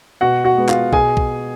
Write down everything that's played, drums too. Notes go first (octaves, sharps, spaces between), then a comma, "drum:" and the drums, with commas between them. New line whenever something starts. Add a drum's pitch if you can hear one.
B2 F#4 F#5
F#4 F#5
G#3 B3
F4 F5, drum: clap
B2 G#4 G#5, drum: kick B1
drum: kick B1